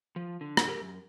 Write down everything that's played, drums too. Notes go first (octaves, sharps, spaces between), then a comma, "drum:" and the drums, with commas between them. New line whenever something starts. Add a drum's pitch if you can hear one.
F3
D3
drum: rim click
G4 A#4
F#2